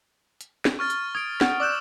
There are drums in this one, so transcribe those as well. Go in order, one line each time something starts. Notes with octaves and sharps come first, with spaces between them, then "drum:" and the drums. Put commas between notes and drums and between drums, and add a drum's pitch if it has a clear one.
drum: hi-hat
drum: snare
C#6 F6 A6
drum: hi-hat
D#6 G#6 D7
F#5, drum: snare
D5 D6 E6 F#6 G6 E7